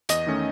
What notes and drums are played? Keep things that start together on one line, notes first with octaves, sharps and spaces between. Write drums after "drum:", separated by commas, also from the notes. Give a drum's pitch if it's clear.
E2 D#5, drum: hi-hat
D#3 A3 C#4